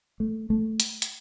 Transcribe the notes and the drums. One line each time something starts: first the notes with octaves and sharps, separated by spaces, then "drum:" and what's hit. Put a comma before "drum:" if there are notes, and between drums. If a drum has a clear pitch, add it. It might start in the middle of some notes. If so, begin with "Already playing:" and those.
A3
A3
drum: hi-hat
drum: hi-hat